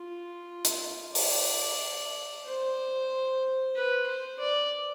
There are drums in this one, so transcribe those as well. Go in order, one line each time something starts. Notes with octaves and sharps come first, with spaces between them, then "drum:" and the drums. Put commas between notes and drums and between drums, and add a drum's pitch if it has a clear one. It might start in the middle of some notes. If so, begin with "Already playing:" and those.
Already playing: F4
drum: hi-hat
D5, drum: open hi-hat
C5
B4
C5
D5